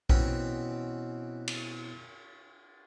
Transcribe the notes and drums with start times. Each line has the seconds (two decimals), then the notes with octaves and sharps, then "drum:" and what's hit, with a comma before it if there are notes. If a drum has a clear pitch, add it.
0.09 B2 E3 C4 C#4, drum: kick A#1
1.48 drum: cymbal